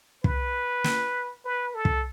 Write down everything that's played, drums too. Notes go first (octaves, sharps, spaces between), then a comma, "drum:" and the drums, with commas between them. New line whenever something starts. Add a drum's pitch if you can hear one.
B4, drum: kick
drum: snare
B4
A4
drum: kick